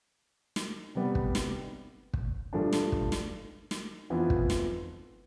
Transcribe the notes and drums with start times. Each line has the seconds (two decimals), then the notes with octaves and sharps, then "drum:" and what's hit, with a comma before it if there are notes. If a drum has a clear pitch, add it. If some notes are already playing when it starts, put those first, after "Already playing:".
0.56 drum: snare
0.95 C3 G3 B3
1.15 drum: kick
1.35 drum: snare
2.13 drum: kick
2.53 G2 F3 A3 D4
2.73 drum: snare
2.92 drum: kick
3.12 drum: snare
3.71 drum: snare
4.10 F2 E3 B3 F4
4.30 drum: kick
4.50 drum: snare